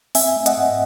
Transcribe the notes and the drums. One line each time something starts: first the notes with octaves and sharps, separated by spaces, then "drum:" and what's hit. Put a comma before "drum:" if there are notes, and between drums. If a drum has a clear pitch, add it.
C4 E5 G#5, drum: open hi-hat
A3
D#5 F#5, drum: hi-hat
G#2